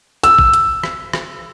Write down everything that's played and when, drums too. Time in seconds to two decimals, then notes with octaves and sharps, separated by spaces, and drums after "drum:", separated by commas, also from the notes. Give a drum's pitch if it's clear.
0.24 E6, drum: hi-hat
0.39 drum: kick A1
0.53 drum: hi-hat
0.83 drum: rim click
1.13 drum: rim click